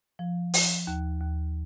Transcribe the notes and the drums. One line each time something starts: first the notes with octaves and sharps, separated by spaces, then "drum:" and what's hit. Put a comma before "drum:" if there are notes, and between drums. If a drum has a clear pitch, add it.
F3
F3, drum: open hi-hat
D#2
D#2